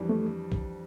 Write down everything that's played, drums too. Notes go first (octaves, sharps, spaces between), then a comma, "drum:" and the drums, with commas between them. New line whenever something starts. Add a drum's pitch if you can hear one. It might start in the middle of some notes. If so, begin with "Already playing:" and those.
Already playing: F2 E3 G3 D4
A3
drum: kick B1